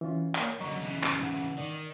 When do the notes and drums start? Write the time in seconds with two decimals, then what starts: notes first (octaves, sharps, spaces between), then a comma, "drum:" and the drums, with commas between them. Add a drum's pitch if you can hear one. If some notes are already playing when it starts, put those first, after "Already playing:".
0.01 E3 C#4 F4
0.35 A#3 C#5 D5, drum: clap
0.60 F#2 D3 D#5 A#5 C#6
0.80 C#3 E3
1.04 drum: clap
1.19 G#2 F#5
1.58 D#3 D5